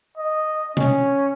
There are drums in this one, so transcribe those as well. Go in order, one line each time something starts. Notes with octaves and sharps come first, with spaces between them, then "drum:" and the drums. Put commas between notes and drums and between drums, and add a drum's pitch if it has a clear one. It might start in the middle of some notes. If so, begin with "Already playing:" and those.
D#5
C#4, drum: tom